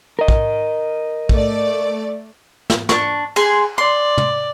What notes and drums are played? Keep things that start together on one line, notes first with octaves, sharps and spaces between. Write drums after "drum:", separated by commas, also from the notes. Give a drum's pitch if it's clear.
A#4 D#5
drum: kick
A3 D5, drum: kick
drum: snare
D4 C#6, drum: snare
G#4 C6, drum: cymbal
D5 C6
drum: tom